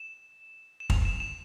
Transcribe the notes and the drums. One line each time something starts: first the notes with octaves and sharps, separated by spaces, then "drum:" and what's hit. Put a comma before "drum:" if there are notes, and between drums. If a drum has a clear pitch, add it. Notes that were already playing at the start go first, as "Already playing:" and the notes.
Already playing: E7
E7
F7, drum: kick
E7
E7